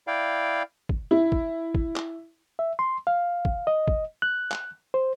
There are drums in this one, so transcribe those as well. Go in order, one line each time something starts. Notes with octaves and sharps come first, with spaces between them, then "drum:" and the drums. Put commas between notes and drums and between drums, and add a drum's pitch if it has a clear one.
E4 D5 F5 G5
drum: kick
E4
drum: kick
drum: kick
drum: clap
E5
C6
F5
drum: kick
D#5
drum: kick
F#6
drum: clap
C5